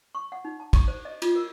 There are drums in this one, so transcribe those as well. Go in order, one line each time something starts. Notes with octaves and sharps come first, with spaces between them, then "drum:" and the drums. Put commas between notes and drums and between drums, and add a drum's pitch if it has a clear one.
C#6
F#5
D#4
A5
C#6, drum: kick, cymbal
C5
D#5
F4, drum: cymbal
A#4